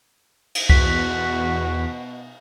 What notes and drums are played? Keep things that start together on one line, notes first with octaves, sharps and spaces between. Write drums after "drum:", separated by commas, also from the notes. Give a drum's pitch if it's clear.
drum: cymbal
E2 B2 F#4 B6, drum: kick C2